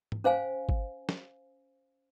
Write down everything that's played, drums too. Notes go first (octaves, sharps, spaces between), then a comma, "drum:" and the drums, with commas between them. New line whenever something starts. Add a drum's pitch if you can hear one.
drum: tom G#2
C#4 C5 F5 G#5
drum: kick
drum: snare